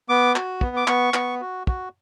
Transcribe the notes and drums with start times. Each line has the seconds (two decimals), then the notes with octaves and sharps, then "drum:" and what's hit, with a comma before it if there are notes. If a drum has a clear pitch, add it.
0.09 B3 D6
0.36 F#4, drum: clap
0.61 B3, drum: kick
0.76 D6
0.87 B3 C#6, drum: clap
1.14 B3, drum: clap
1.41 F#4
1.67 F#4, drum: kick